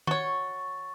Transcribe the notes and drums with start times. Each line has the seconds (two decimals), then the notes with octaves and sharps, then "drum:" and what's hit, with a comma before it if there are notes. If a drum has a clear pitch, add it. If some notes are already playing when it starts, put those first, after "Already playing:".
0.07 F#4 C#5 C#6 A6, drum: tom D#3